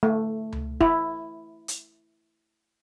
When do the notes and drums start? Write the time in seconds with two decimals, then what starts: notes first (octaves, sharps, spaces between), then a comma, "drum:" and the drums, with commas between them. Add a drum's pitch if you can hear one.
0.03 A3
0.53 drum: tom C#2
0.81 E4, drum: kick
1.68 drum: hi-hat